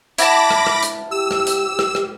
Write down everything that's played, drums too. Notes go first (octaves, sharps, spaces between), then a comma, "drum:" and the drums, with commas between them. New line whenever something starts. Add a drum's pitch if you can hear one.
E4 F#5 A5 B5 D6 A#6, drum: hi-hat
drum: rim click
drum: rim click
drum: hi-hat
G4 E6
drum: rim click
drum: hi-hat
drum: rim click
drum: rim click